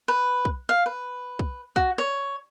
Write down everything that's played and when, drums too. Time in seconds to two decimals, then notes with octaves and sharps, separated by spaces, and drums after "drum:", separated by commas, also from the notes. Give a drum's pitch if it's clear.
0.08 B4
0.45 drum: kick
0.69 F5
0.86 B4
1.39 drum: kick
1.76 F#4, drum: kick
1.98 C#5